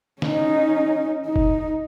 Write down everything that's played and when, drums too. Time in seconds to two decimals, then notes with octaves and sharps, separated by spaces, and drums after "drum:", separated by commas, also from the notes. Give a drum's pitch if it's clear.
0.22 C#4 D#4, drum: snare
1.26 D#4
1.36 drum: kick F1